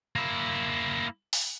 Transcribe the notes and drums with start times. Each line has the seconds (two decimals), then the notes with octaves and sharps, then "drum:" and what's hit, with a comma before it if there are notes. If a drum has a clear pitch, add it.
0.16 A#3 E4
1.33 drum: open hi-hat